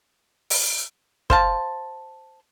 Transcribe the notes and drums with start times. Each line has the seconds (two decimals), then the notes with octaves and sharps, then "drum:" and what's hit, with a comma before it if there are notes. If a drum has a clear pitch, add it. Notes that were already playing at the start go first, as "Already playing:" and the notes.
0.50 drum: open hi-hat
1.30 C5 F5 A5, drum: kick